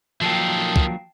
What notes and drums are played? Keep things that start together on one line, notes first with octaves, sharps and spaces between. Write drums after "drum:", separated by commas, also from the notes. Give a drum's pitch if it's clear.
D#3 F3 F#3 A#3 A4 G5 A5 C7
drum: kick